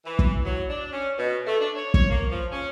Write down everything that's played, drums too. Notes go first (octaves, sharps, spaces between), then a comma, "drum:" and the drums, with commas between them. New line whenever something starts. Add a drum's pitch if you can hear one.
E3
drum: kick
F#3
D4
C#4
B2
A3
D4
C#5
C#5, drum: kick
A#3
F3
C#4